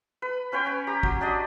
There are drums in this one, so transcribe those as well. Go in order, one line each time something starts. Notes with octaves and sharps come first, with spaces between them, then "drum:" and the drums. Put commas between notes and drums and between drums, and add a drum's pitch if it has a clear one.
B4
C#4 B4 C#5 G5
C#4 G#5
G4 A#5
F#3, drum: kick
D4 G4 D5 D#5